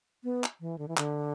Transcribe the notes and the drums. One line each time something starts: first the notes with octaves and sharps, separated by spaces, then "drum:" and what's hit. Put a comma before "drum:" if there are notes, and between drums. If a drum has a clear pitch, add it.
B3
drum: clap
E3
D3
E3
D3, drum: clap